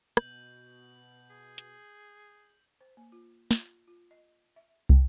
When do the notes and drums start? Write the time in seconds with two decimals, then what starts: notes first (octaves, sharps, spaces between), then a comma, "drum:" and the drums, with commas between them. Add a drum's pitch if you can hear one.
0.17 B2 G6 F#7, drum: rim click
1.30 G#4
1.58 drum: hi-hat
2.81 C5
2.97 A#3
3.12 F4
3.51 F4, drum: snare
3.88 F4
4.11 D#5
4.56 E5
4.89 G5, drum: kick